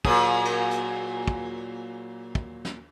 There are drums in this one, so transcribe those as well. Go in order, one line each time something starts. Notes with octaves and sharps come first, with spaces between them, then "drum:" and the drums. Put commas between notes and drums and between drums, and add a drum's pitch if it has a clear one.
A#2 F#3 G#4, drum: kick
drum: cymbal
drum: hi-hat
drum: kick
drum: kick
drum: snare